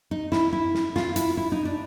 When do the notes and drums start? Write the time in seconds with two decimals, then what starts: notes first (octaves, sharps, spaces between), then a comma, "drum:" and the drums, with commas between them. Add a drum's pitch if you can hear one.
0.11 D#4
0.32 E4, drum: snare
0.53 E4
0.74 drum: snare
0.96 F4, drum: snare
1.16 E4, drum: hi-hat
1.37 E4
1.52 D#4
1.65 D4